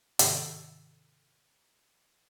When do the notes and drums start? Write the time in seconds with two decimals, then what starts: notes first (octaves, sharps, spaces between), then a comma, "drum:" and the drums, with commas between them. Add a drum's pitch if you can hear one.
0.19 G#2 C3 D#3 A4 E6 A6, drum: hi-hat